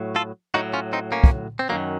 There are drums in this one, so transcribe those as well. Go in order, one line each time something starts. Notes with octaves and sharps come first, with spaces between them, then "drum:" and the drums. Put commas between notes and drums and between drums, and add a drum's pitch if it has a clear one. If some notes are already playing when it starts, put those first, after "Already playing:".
Already playing: A2 F#3
F4 A4
A2 F#3 D#4 F#4
C#4 F4
C4 D#4
A#3 C#4
drum: kick
C4
F#2 D#3 F#3 A#3